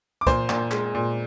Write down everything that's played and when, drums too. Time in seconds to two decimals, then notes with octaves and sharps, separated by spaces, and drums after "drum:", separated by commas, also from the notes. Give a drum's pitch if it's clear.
0.21 D6
0.27 A#2 C5 C6, drum: kick, hi-hat
0.49 A#2, drum: clap
0.71 G#3, drum: clap
0.95 A#2